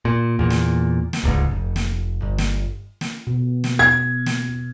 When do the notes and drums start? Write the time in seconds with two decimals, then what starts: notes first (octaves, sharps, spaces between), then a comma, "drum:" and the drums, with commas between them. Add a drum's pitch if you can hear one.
0.05 A#2
0.39 E2 A#2
0.50 drum: snare
1.13 drum: snare
1.23 D1 C#2 G#2
1.51 F1
1.76 drum: snare
2.22 G1
2.38 drum: snare
3.01 drum: snare
3.27 B2
3.64 drum: snare
3.79 G#6
4.26 drum: snare